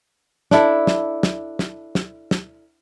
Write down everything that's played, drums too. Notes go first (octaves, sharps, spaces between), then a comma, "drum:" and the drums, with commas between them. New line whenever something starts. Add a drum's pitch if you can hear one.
D4 E4 A4, drum: snare
drum: snare
drum: snare
drum: snare
drum: snare
drum: snare